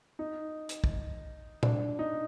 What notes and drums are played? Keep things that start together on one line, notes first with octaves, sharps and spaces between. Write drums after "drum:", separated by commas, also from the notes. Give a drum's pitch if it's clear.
D#4
drum: hi-hat
drum: kick
D4, drum: tom
D#4